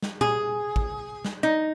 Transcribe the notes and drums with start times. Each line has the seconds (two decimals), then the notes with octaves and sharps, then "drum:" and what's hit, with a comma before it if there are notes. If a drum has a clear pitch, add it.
0.02 drum: snare
0.21 G#4, drum: tom A#2
0.76 drum: kick
1.25 drum: snare
1.43 D#4